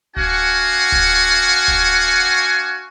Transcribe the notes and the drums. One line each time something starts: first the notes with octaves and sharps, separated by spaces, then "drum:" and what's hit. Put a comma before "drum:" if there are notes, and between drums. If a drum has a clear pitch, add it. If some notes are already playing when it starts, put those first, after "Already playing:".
D4 F#4 F5 F#5 G#5 C#6, drum: kick D1
drum: kick D1
drum: kick D1